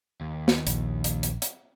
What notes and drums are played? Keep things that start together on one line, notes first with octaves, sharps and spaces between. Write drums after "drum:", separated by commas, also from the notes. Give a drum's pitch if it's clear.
D#2
drum: snare
A#1, drum: hi-hat
drum: hi-hat
drum: hi-hat
drum: hi-hat